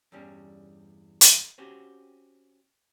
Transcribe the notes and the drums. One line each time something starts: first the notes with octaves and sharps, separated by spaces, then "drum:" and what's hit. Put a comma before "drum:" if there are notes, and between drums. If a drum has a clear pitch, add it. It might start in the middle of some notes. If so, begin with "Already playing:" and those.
E2 G2 G3 C#4
drum: hi-hat
C4 C#4 F#4 G4